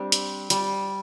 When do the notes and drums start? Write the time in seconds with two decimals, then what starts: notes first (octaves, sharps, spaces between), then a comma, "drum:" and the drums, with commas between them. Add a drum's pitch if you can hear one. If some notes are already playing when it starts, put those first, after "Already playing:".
Already playing: G3 C4 D4
0.12 drum: hi-hat
0.50 G3, drum: hi-hat